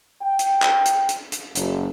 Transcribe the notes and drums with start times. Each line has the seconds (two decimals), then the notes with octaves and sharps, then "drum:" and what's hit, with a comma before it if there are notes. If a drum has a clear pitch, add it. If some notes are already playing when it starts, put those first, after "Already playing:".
0.22 G5
0.39 drum: hi-hat
0.62 drum: clap
0.85 drum: hi-hat
1.09 drum: hi-hat
1.32 drum: hi-hat
1.55 F#1, drum: hi-hat